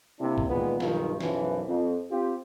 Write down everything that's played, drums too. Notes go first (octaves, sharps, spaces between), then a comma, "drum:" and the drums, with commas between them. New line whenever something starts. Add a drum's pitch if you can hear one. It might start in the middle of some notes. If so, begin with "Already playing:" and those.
C3 A#3 D4 E4
drum: kick
A#2 D#3 E3 G#3 B3
B1 G2 D#3 F3, drum: snare
B1 F#2 E3 F3, drum: snare
F2
C4 F4 G4